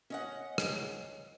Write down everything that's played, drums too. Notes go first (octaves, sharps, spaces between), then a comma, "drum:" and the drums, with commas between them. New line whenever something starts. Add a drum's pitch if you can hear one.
C#4 D#5 F#5
drum: rim click